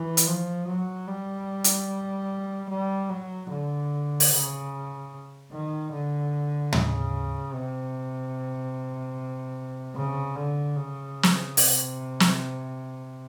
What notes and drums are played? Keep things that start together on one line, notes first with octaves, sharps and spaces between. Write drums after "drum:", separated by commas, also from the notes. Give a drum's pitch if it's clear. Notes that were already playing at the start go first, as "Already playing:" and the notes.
Already playing: E3
drum: hi-hat
F3
F#3
G3
drum: hi-hat
G3
F#3
D3
drum: open hi-hat
C#3
D#3
D3
C#3, drum: tom
C3
C#3
D3
C#3
drum: snare
C3, drum: open hi-hat
drum: snare